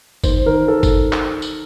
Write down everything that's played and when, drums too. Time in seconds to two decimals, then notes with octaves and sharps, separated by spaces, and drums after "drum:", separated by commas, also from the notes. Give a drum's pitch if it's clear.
0.24 D#3 C5, drum: kick G1, tambourine
0.46 D#3 A#4
0.68 D#3 A4
0.83 drum: kick G1, tambourine
1.13 drum: clap
1.42 drum: tambourine